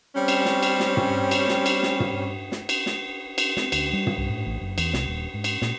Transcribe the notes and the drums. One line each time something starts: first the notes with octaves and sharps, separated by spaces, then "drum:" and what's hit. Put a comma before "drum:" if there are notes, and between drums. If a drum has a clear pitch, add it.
G3 C4 C#4
drum: cymbal
drum: snare
drum: cymbal
drum: snare
drum: tom
drum: cymbal
drum: snare
drum: cymbal
drum: snare
drum: tom
drum: snare
drum: cymbal
drum: snare
drum: cymbal
C4, drum: snare
D2, drum: cymbal
G3
drum: tom
C2
A2
A1
F#1
E2, drum: cymbal
C2, drum: snare
D#1
G#2
drum: cymbal
A#2, drum: snare